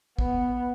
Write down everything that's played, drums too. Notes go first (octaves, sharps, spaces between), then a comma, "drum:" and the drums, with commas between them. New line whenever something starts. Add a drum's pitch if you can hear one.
B3, drum: kick